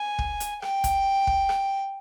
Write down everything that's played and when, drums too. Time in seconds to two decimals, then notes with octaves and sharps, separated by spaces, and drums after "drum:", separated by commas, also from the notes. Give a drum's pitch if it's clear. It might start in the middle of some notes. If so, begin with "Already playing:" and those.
Already playing: G#5
0.19 drum: kick
0.40 drum: hi-hat
0.62 G5, drum: rim click
0.84 drum: kick, hi-hat
1.27 drum: kick
1.49 drum: rim click